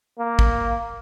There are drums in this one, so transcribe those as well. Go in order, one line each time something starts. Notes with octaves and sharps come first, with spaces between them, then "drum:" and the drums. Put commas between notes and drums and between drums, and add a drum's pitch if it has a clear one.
A#3
drum: kick